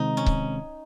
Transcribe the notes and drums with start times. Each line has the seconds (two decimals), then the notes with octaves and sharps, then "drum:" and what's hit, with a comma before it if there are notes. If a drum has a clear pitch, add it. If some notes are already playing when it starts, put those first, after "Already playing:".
Already playing: C3 D#3 G#3 C4 D#4
0.17 C#4
0.26 drum: kick C#1